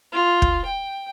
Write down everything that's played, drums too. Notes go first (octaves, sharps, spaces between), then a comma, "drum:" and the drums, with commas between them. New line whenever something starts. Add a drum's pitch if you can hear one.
F4
drum: kick
G5